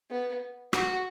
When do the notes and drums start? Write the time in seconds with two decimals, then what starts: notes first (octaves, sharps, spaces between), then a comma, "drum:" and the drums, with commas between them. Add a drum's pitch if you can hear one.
0.10 B3
0.73 F#4, drum: rim click